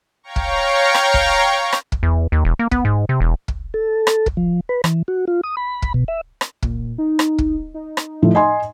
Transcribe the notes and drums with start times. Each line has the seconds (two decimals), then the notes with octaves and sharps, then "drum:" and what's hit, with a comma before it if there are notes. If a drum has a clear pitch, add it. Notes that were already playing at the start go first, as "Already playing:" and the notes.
0.23 C#5 F5 G5 A#5 C#6
0.36 drum: kick
0.94 drum: rim click
1.14 drum: kick
1.72 drum: rim click
1.92 drum: kick
2.03 E2
2.32 D#2
2.45 E1
2.59 A#3
2.71 B3, drum: kick
2.85 G#2
3.09 C3
3.20 E1
3.48 drum: kick
3.74 A4
4.07 drum: rim click
4.26 drum: kick
4.37 F3
4.69 B4
4.84 E3, drum: rim click
5.08 F#4
5.27 F4
5.43 D#6
5.57 B5
5.82 drum: kick
5.94 B2
6.08 E5
6.41 drum: rim click
6.63 A#2, drum: kick
6.98 D#4
7.19 drum: rim click
7.38 drum: kick
7.74 D#4
7.97 drum: rim click
8.22 A2 F3
8.35 D#5 G#5 C6